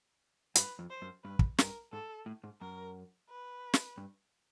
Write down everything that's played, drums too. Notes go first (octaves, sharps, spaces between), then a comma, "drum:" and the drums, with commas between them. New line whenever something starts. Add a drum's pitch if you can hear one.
G2 B4, drum: hi-hat
F2
C5
F#2
G2 B4
drum: kick
G2 A#4, drum: snare
G#2 A4
A2
G#2
F#2 A#4
B4
drum: snare
G2